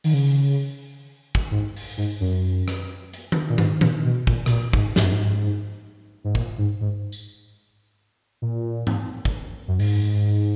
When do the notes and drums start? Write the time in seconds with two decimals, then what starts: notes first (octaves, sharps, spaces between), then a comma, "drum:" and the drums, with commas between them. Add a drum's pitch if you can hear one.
0.04 D#3, drum: open hi-hat
0.14 C#3
1.35 drum: kick
1.51 G#2
1.76 drum: open hi-hat
1.97 G#2
2.20 F#2
2.68 drum: rim click
3.14 drum: hi-hat
3.32 drum: tom D#3
3.50 A#2
3.58 G#2, drum: tom D#3
3.81 A#2, drum: tom D#3
4.05 B2
4.27 A#2, drum: kick
4.46 B2, drum: rim click
4.51 A#2
4.73 G#2, drum: kick
4.96 G#2, drum: snare
5.04 F#2
5.12 G#2
6.24 G#2
6.35 A#2, drum: kick
6.58 G#2
6.81 G#2
7.12 drum: tambourine
8.42 A#2
8.87 drum: tom G#2
9.25 drum: kick
9.68 F#2
9.79 G#2, drum: open hi-hat